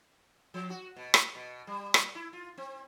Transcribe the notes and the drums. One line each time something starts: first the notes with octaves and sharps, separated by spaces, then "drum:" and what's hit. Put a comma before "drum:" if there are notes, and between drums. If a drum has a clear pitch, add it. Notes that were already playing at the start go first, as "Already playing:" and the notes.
F3
F#4
B2
drum: rim click
B2
G3
drum: rim click
E4
F4
C4